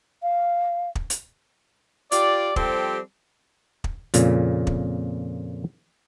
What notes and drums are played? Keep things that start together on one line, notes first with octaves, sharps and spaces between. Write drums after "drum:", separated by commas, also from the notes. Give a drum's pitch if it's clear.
F5
drum: kick
drum: hi-hat
F4 G4 D5, drum: hi-hat
F3 G3 C4 G4 A4, drum: kick
drum: kick
F2 A#2 C#3, drum: hi-hat
drum: kick